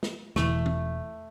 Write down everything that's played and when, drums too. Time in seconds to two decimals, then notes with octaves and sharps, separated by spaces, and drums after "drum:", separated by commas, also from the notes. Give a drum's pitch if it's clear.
0.03 drum: snare
0.36 E1 E3 A3, drum: snare
0.66 drum: tom E3